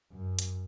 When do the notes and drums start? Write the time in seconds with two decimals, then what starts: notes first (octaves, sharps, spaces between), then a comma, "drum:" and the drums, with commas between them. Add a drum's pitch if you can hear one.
0.12 F#2
0.39 drum: hi-hat